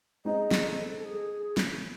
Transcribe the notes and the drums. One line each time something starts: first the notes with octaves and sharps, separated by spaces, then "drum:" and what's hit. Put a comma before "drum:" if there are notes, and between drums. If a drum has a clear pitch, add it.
G#3 C4 D#4 G#4 D#5
drum: snare
A4
A4
G#4
drum: snare